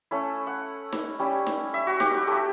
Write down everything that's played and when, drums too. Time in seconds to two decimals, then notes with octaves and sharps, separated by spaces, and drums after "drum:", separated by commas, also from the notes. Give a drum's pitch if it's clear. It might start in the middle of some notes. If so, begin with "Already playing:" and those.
0.11 A3 C#4 E4
0.47 F#5
0.93 drum: snare D#4
1.19 G3 C#4 E4
1.47 drum: snare D#4
1.74 E5
1.87 F#4
2.00 G4, drum: snare D#4
2.15 F#4
2.27 A3 E4 G4